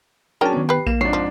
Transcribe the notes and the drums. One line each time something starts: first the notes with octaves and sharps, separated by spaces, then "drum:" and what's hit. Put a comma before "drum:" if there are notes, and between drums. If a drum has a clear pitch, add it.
F#3 C#4 D4 G#4 A#4 G5 A5
D#3 B3
G4 B4 C7
A#3 E7, drum: kick A#1
F2 G#2 D4 C#5 C7
F3